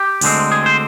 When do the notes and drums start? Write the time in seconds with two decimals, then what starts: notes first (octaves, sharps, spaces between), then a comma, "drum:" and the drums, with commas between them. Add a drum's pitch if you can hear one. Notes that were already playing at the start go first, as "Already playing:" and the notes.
Already playing: G4
0.21 D2 D3 G#3 C4, drum: open hi-hat
0.52 G#4
0.66 C5